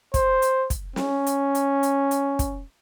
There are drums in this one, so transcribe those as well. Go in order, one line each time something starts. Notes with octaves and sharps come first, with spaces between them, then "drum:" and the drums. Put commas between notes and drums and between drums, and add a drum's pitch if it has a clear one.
C5, drum: kick, hi-hat
drum: hi-hat
drum: kick, hi-hat
C#4, drum: snare
drum: hi-hat
drum: hi-hat
drum: hi-hat
drum: hi-hat
drum: kick, hi-hat